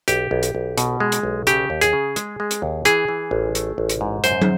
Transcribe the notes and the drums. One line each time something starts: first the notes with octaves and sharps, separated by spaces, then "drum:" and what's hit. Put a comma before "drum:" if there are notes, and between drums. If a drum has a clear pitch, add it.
B1 G4, drum: hi-hat
B1
drum: hi-hat
B1
B2, drum: hi-hat
G#3
drum: hi-hat
B1
C#3 G4, drum: hi-hat
D#2
G#4, drum: hi-hat
C#3
G#3, drum: hi-hat
G#3
drum: hi-hat
D#2
E3 G#4, drum: hi-hat
E3
A1
A3, drum: hi-hat
A1
drum: hi-hat
G#2
F#2 C5, drum: hi-hat
drum: tom